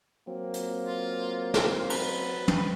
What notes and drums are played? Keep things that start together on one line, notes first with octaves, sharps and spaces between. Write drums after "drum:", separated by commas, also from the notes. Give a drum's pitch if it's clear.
F#3 A#3 C4
drum: hi-hat
F4
A4 C#5 C6, drum: snare
C#4 B4 A#5 F#6, drum: cymbal
drum: tom